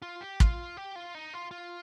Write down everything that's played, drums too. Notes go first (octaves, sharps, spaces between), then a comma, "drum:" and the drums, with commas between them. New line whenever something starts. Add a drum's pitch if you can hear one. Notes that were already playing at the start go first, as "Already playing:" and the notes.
F4
G4
F4, drum: kick
G4
F4
D#4
F4
F4